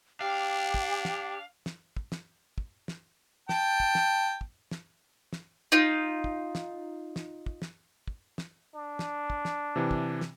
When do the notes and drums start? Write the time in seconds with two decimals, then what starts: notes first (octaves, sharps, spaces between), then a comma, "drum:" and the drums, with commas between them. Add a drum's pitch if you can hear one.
0.21 D4 G4 F5 G5
0.74 drum: kick
1.05 drum: snare
1.66 drum: snare
1.97 drum: kick
2.12 drum: snare
2.58 drum: kick
2.88 drum: snare
3.49 G5 A5, drum: snare
3.80 drum: kick
3.95 drum: snare
4.41 drum: kick
4.71 drum: snare
5.33 drum: snare
5.72 D#4 F4
6.24 drum: kick
6.55 drum: snare
7.16 drum: snare
7.46 drum: kick
7.62 drum: snare
8.08 drum: kick
8.38 drum: snare
8.75 D4
8.99 drum: snare
9.30 drum: kick
9.45 drum: snare
9.76 C3 E3
9.91 drum: kick
10.21 drum: snare